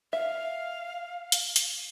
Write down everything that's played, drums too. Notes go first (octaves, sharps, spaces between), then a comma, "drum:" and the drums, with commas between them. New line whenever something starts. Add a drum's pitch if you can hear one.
E5 F5
drum: hi-hat
drum: hi-hat